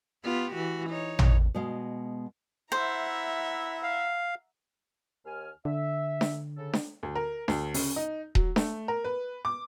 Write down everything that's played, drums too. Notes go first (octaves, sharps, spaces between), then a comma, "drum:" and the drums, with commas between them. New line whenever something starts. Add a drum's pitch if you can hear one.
B3 F4 G4
E3 F#4
D#4 C#5
drum: tom
B2 G#3 F5
E4 C5 E5 F#5 A#5
F5
D#2 G#5 F6
D3 E5
drum: snare D4
C#3 A4
drum: snare D4
D2
A#4
D2, drum: snare D4
C#3, drum: open hi-hat
D#4
F#3, drum: kick D#1
A3, drum: snare D4
A#4
B4
D6